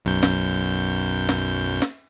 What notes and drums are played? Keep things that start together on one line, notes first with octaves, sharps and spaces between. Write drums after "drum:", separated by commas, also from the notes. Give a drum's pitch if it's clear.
B1 F#2 G6
drum: snare
drum: snare
drum: snare